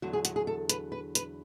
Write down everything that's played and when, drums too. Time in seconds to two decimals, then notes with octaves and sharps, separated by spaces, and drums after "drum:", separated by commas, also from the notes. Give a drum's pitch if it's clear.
0.02 E2 D3 F#3 F#4
0.13 G#4
0.25 F#4, drum: hi-hat
0.36 G#4
0.47 A4
0.69 B4, drum: hi-hat
0.92 B4
1.15 B4, drum: hi-hat